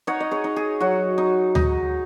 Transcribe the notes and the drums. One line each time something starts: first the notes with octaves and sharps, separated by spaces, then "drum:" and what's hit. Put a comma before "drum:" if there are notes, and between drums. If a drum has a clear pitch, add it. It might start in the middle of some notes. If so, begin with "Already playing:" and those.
D#4 C#5 F#5
D#5
G#4 C#5
D#4
G#4
F#3 F#4
D#4
D#4, drum: tom D2